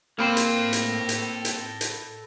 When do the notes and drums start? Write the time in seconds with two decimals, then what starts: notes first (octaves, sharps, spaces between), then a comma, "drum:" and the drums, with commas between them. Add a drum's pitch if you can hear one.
0.19 A#3 C4 A4 C5 B5
0.37 drum: hi-hat
0.73 drum: hi-hat
1.09 drum: hi-hat
1.45 drum: hi-hat
1.81 drum: hi-hat